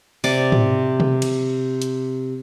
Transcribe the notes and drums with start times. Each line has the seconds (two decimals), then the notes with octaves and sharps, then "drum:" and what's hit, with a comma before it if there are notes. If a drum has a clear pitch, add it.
0.24 C3 D5 D6, drum: open hi-hat
0.52 drum: tom
1.00 drum: tom
1.22 drum: cymbal
1.82 drum: hi-hat